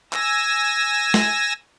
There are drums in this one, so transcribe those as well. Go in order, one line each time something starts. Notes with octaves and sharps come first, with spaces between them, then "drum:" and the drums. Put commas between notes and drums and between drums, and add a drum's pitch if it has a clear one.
G#5 E6 A#6, drum: clap
drum: snare